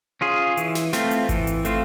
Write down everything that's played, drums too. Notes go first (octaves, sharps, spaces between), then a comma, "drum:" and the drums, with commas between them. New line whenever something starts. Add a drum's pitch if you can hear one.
C#4 F4 G#4
E3, drum: hi-hat
drum: snare
A3 C4 F4, drum: snare
drum: hi-hat
E3, drum: kick G#1, hi-hat
drum: hi-hat
A3 C4 F4, drum: hi-hat